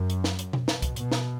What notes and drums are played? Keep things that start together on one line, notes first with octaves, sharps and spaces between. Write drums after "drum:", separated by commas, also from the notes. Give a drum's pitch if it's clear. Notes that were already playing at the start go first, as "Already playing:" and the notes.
Already playing: F#2
drum: hi-hat
drum: snare
drum: hi-hat
drum: tom B2
B2, drum: snare
drum: kick C2, hi-hat
B2, drum: hi-hat
drum: snare